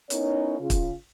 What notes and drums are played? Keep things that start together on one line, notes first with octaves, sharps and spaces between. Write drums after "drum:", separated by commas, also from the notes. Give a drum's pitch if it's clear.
B3 C#4 D#4 E4 A#4 C#5, drum: hi-hat
C#3 F4
drum: kick, hi-hat